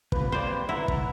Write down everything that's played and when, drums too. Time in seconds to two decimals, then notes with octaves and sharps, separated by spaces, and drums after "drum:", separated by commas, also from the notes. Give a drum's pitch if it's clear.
0.12 G#2 C3 F3 B4, drum: kick
0.32 A#3 C4 G4 C5 D5
0.69 G#2 E4 F#5 A#5
0.88 drum: kick